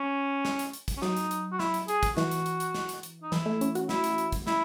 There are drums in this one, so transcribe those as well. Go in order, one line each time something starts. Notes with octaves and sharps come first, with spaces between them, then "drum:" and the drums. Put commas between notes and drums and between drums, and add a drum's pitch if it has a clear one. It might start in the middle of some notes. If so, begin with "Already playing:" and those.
Already playing: C#4
drum: snare
drum: hi-hat
drum: hi-hat
drum: kick, hi-hat
C#4
F#3 D#4, drum: snare
drum: hi-hat
drum: hi-hat
F#4
E4, drum: snare
drum: hi-hat
G#4, drum: hi-hat
drum: kick, hi-hat
E3 F#4, drum: snare
drum: hi-hat
drum: hi-hat
drum: hi-hat
drum: snare
drum: hi-hat
drum: hi-hat
D#4
E3 E4, drum: snare
A3
C#4, drum: hi-hat
F#4, drum: hi-hat
E4, drum: snare
drum: hi-hat
drum: hi-hat
drum: kick, hi-hat
E4, drum: snare